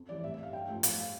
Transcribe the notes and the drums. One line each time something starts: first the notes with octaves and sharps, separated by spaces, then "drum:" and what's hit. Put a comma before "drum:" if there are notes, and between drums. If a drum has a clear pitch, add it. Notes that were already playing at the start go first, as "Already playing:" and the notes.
Already playing: F2
E3 G3 D5
A2 E5
E5
G3 F5
G2 G5
F3 A3
A2 F5, drum: hi-hat
G3